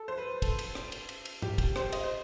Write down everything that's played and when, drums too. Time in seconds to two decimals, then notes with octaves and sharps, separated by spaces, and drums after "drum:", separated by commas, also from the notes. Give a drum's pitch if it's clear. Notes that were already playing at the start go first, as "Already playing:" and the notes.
Already playing: A4
0.08 C5
0.17 B4
0.42 A4, drum: kick, cymbal
0.59 drum: cymbal
0.75 drum: rim click
0.92 drum: cymbal
1.09 drum: cymbal
1.25 drum: cymbal
1.42 G4, drum: tom
1.58 G4, drum: kick, cymbal
1.76 C5, drum: rim click
1.92 D#5, drum: cymbal
2.04 C5